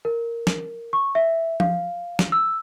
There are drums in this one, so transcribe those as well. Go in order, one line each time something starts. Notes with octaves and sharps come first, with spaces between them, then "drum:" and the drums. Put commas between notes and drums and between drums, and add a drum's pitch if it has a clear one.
A#4
drum: snare
C#6
E5
F5, drum: tom F3
drum: snare
E6